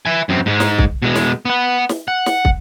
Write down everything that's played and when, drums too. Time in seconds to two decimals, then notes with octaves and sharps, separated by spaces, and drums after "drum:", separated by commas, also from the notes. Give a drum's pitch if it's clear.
0.06 E5 G#5
0.29 F#2 C4
0.46 G#2 G#3
0.60 drum: snare
0.78 drum: kick
1.02 B2 G#3
1.15 drum: snare
1.45 B3 F#5
1.89 drum: snare
2.08 F#5
2.26 drum: snare
2.45 drum: kick